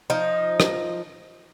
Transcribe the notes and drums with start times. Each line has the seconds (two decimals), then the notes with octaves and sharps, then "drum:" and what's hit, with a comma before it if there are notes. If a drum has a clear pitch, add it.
0.10 F3 D#4
0.60 drum: rim click